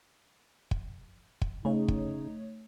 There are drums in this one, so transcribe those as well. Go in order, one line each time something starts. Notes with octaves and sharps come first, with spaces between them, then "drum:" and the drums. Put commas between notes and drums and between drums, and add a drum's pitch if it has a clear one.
drum: kick
drum: kick
C#3 A3 D#4 C#5
drum: kick